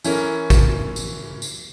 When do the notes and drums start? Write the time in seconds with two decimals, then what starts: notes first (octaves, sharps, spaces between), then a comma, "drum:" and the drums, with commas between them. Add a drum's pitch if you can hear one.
0.04 E3 C#4 E4 A#4, drum: tambourine
0.50 drum: kick A1, tambourine
0.96 drum: tambourine
1.42 drum: tambourine